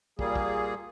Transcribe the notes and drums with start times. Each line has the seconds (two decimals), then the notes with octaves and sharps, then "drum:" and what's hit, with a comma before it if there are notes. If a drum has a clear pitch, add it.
0.19 A#2 G3 A#3 G#4, drum: kick
0.36 drum: kick